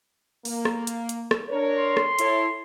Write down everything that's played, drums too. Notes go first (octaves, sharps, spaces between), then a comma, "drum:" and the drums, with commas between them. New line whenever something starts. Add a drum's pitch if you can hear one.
A#3, drum: open hi-hat
drum: rim click
drum: hi-hat
drum: hi-hat
drum: rim click
D4 A#4 C#5
C6
drum: rim click
E4 A4 C#5, drum: hi-hat